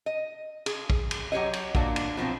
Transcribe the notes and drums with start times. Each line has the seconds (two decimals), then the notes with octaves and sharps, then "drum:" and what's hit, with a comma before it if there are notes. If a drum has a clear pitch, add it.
0.06 D#5
0.66 G#4, drum: cymbal
0.90 drum: kick
1.11 drum: cymbal
1.32 F#3 G4 C#5 D#5
1.53 drum: cymbal
1.75 A#2 A#3 D4 F#4, drum: kick
1.96 drum: cymbal
2.17 B2 F3 F#3 C4